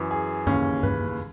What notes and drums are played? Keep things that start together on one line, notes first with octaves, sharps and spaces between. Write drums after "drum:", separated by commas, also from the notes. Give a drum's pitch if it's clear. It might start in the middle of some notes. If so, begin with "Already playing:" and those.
Already playing: F#2 E3
G#4
D#2 C#3 E3 C#4, drum: tom G2
B4, drum: tom G2